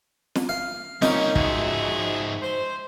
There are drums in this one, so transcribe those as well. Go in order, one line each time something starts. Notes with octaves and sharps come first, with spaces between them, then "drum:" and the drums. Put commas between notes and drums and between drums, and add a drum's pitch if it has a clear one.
drum: snare
F5
C2 A#3 C4 C#4 D#4, drum: snare
G#2 F3 F#4 G#4 E5, drum: kick
C5